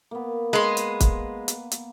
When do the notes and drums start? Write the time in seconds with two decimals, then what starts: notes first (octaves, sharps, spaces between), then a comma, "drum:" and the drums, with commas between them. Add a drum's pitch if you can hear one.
0.11 A#3 B3
0.53 G#3 B4 C6
0.77 drum: hi-hat
1.00 drum: kick, hi-hat
1.48 drum: hi-hat
1.71 drum: hi-hat